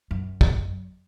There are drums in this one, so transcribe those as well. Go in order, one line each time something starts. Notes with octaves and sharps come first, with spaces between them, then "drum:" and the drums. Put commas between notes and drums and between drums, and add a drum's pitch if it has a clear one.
F#2
drum: kick